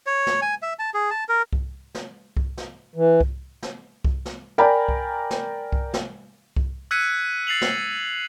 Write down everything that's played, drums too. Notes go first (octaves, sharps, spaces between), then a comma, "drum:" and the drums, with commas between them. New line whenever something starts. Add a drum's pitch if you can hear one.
C#5
drum: snare
G#5
E5
A5
G#4
A5
A#4
drum: kick C2
drum: snare
drum: kick C2
drum: snare
E3
drum: kick C2
drum: snare
drum: kick C2
drum: snare
A#4 D5 G5 G#5 A#5 B5
drum: kick C2
drum: snare
drum: kick C2
drum: snare
drum: kick C2
E6 F#6 G#6 B6 C#7 D#7
A6 C7 F7 F#7
drum: snare